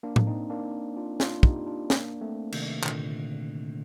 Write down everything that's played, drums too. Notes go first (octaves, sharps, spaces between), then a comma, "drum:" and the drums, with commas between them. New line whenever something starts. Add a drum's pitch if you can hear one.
A#3 D4
drum: tom A2
C4 D#4
A#3 D4
D4 F4
D4 F4, drum: snare
D#4 G4, drum: kick
D4 F4
A#3 D4, drum: snare
A3 C4
C3 D#3, drum: cymbal
A#2 D3, drum: clap